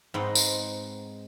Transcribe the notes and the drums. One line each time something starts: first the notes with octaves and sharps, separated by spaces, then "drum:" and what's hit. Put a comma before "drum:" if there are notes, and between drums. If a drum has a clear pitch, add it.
G#2 B3 C4 D#4
drum: tambourine